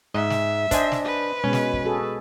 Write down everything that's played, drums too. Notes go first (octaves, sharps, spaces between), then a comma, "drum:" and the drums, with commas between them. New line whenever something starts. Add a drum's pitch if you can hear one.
G#2 D#5 E5
drum: snare
D4 C5 D#5 G#5, drum: kick, hi-hat
drum: snare
B4
B2 G#3 C#4
drum: snare
drum: kick
F#4 G#4 A4